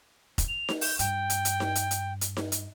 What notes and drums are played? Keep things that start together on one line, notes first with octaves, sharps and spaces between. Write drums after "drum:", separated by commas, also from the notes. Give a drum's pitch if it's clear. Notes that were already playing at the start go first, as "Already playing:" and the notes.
drum: kick F1, hi-hat
F7
drum: snare D#4
G6, drum: open hi-hat
G2 G5, drum: hi-hat
drum: hi-hat
drum: hi-hat
drum: snare D#4
drum: hi-hat
drum: hi-hat
drum: hi-hat
drum: snare D#4
drum: hi-hat